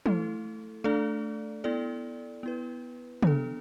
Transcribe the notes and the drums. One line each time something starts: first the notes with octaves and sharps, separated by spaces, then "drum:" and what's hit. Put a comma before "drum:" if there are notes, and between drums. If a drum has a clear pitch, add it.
A3 E4 A4, drum: tom
A3 D4 A4 D5
B3 E4 A4 D5
B3 E4 B4
B3 D4 A4, drum: tom